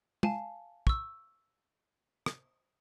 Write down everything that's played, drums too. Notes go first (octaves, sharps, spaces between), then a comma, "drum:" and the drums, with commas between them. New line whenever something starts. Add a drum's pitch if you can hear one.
F5 G#5 A5, drum: tom
C#6 E6, drum: kick
drum: rim click